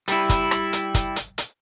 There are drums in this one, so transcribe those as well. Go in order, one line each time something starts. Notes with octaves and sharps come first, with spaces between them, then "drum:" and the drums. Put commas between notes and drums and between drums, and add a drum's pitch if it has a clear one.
G3 E4, drum: hi-hat
drum: kick, hi-hat
drum: rim click
drum: hi-hat
drum: kick, hi-hat
drum: hi-hat
drum: hi-hat